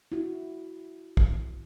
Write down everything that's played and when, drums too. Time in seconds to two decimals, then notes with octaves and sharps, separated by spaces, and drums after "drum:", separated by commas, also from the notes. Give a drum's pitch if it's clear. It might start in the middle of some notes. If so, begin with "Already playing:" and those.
0.12 E4 F#4
1.17 drum: kick